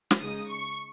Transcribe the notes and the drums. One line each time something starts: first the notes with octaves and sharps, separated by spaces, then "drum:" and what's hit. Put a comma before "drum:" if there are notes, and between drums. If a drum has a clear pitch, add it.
drum: snare
C#3 G#3 D#4 D#6
C#6